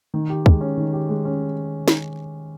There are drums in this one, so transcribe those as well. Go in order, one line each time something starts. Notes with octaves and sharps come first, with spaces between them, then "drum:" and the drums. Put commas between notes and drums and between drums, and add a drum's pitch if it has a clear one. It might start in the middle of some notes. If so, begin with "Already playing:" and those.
D#3
G4
G#3, drum: kick
C#4
D#3
G4
G#3
C#4
drum: snare